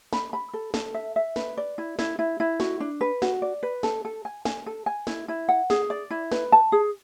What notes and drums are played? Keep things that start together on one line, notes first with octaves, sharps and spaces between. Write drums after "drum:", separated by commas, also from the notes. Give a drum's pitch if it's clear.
B5, drum: snare
B5
A4
A4, drum: snare
E5
E5
B4, drum: snare
D5
E4
E4, drum: snare
E4
E4
F#4, drum: snare
D4
B4
F#4, drum: snare
D5
B4
A4, drum: snare
A4
G#5
G#5, drum: snare
A4
G#5
E4, drum: snare
E4
F#5
G#4, drum: snare
D5
E4
B4, drum: snare
A5
G#4